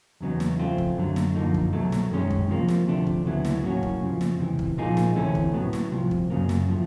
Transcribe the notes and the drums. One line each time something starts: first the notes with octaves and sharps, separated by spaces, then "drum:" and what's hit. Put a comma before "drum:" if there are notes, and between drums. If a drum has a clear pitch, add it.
E2 C#3 F#3 B3 D#4
drum: snare
C#3 F3 A3 C4 F4
drum: kick
F#2 D3 F#3 A3
drum: snare
F#2 D3 F3 A#3 D#4
drum: kick
C2 B2 F#3 A3
drum: snare
F#2 D#3 G#3 C#4
drum: kick
C3 F3 A#3
drum: snare
D2 C3 F3 A3 D4
drum: kick
D2 C#3 F#3 B3 E4
drum: snare
A2 F#3 A#3 C#4 F#4
drum: kick
F2 C#3 F3
drum: snare
C#2 C3 E3
drum: kick
A#2 F3 A#3 D#4 G#4
drum: snare
D2 C3 E3 A3 C#4
drum: kick
A2 F#3 B3
drum: snare
C2 C3 F3
drum: kick
F#2 C#3 F#3 A#3
drum: snare
A2 F3 A3